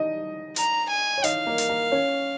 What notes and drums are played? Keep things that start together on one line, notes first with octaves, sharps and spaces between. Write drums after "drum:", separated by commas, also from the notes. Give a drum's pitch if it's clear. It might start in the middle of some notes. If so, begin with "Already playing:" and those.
Already playing: D#4 D#5
A#5, drum: hi-hat
G#5
C#5
D#4 D#5 F5, drum: hi-hat
A#3 A#4
drum: hi-hat
A#3 A#4
C#4 C#5